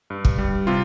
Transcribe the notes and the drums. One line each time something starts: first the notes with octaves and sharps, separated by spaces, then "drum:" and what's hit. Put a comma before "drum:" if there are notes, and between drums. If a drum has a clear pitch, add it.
G2
drum: kick
G3
C3 F4